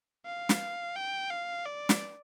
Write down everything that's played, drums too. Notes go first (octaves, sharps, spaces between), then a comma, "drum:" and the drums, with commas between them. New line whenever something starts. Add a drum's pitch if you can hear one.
F5
drum: snare
G5
F5
D5
drum: snare